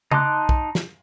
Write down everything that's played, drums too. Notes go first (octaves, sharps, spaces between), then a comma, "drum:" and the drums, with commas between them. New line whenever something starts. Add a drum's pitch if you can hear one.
D#4 A5 C6 D6 F#6, drum: tom C#3
drum: kick
drum: snare